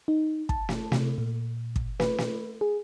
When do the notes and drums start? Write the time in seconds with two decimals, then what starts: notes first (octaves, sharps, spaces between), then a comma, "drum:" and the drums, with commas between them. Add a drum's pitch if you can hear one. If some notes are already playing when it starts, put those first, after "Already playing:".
0.08 D#4
0.49 A5, drum: kick
0.69 drum: snare
0.92 C3, drum: snare
1.18 A#2
1.76 drum: kick
2.00 B4, drum: snare
2.18 drum: snare
2.61 G#4